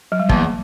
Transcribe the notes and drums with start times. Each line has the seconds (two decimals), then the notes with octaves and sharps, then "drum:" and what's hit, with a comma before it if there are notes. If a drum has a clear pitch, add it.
0.12 F#3
0.19 G3
0.29 E2 A#3, drum: kick